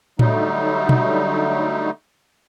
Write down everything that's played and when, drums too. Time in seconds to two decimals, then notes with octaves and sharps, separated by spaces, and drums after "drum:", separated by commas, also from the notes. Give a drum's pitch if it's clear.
0.19 D3 F#3 G3 A3 D#4, drum: tom A2
0.89 drum: tom B2